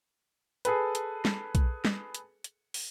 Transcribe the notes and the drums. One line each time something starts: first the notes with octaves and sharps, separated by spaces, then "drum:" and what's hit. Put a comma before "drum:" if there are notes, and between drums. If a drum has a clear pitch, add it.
G#4 A4 B4, drum: hi-hat
drum: hi-hat
drum: snare
drum: kick B1, hi-hat
drum: snare
drum: hi-hat
drum: hi-hat
drum: open hi-hat